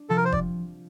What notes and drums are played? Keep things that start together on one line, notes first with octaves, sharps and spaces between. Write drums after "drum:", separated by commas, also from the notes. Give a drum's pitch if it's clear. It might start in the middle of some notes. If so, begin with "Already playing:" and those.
Already playing: D4
C3 F3 A4
A#4
C5
D5, drum: kick